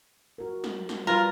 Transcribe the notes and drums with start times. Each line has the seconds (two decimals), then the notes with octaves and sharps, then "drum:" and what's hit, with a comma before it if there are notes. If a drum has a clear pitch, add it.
0.38 F#4 A#4
0.64 drum: snare
0.89 drum: snare
1.07 G3 F4 G4 A#4 B4